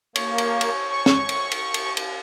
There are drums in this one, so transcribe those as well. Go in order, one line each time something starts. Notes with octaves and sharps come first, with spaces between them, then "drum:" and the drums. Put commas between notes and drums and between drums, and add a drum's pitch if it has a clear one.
A#3 C#5, drum: cymbal
drum: cymbal
drum: cymbal
C#6
drum: snare
drum: cymbal
drum: cymbal
drum: cymbal
drum: cymbal